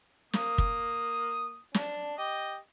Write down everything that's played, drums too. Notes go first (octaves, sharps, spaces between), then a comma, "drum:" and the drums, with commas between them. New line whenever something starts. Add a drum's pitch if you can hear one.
A#3 D#6, drum: snare
drum: kick
D4, drum: snare
G4 D#5